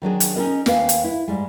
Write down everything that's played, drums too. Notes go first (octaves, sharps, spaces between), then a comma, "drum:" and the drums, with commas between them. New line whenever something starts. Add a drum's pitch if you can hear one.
D#3 F#3 D4 G#4
drum: hi-hat
C#4 D#4 F4 G#4 A#4 D#5
D#2 B4 F5 G#5, drum: snare
drum: hi-hat
E4
G#2 G3 G#3